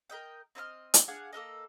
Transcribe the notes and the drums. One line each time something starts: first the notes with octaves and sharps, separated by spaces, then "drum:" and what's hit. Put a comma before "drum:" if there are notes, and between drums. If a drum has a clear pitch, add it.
A#4 B4 D#5 G5
C4 D#5 A5 F6
drum: hi-hat
D4 G#4 F5 F#5
A#3 A4 A#4 D#5